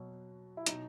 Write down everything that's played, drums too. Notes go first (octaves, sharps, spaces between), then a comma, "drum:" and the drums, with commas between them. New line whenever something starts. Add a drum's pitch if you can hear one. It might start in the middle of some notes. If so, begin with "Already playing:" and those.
Already playing: B2 F#3
E4
B2 F#3 D#4, drum: hi-hat